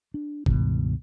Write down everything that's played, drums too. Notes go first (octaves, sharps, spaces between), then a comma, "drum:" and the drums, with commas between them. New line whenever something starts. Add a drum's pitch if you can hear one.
D4
C#2 G2 B2 D#3, drum: kick